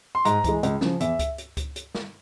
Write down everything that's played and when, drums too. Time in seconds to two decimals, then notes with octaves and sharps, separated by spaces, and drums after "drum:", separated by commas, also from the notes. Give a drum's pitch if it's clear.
0.15 C6
0.25 G#2 A#5, drum: hi-hat
0.44 E3 G#3, drum: kick C#2, hi-hat
0.63 C#2, drum: hi-hat
0.81 C#3 F3, drum: snare
1.00 E2 E5, drum: hi-hat
1.19 drum: kick C#2, hi-hat
1.38 drum: hi-hat
1.57 drum: kick C#2, hi-hat
1.76 drum: hi-hat
1.95 drum: snare